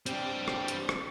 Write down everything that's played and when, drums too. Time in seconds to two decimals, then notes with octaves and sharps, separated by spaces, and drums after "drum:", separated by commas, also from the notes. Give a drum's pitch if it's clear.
0.06 G3 C4 D4 G4, drum: hi-hat
0.48 drum: rim click
0.68 drum: hi-hat
0.89 drum: rim click